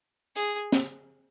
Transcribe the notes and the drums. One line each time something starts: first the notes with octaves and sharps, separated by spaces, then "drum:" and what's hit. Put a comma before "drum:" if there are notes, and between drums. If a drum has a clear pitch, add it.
G#4, drum: hi-hat
drum: snare